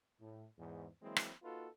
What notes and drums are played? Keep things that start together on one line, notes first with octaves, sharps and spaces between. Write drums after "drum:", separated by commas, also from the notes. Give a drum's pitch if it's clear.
A2
E2 G#2
E3 F#3 G#3 A#3 C4 E4
drum: rim click
A#3 D#4 F4 F#4 A4 B4